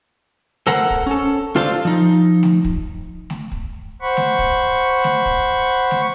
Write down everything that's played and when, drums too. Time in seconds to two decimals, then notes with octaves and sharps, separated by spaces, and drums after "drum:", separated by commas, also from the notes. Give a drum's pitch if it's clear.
0.67 A4 A#4 C5 F#5, drum: snare A3
0.90 drum: kick
1.07 C#4 A4
1.56 F4 A4 C5 D5 F5, drum: snare A3
1.85 F3 D#4
2.43 drum: snare A3
2.65 drum: kick
3.30 drum: snare A3
3.52 drum: kick
4.02 C5 F#5 B5 C#6
4.17 drum: snare A3
4.39 drum: kick
5.04 drum: snare A3
5.26 drum: kick
5.91 drum: snare A3